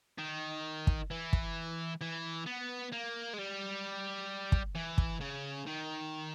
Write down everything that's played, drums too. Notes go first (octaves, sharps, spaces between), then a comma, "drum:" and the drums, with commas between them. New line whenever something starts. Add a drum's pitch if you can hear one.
D#3
drum: kick
E3
drum: kick
E3
B3
A#3
G#3
G3
drum: kick
E3
drum: kick
C#3
D#3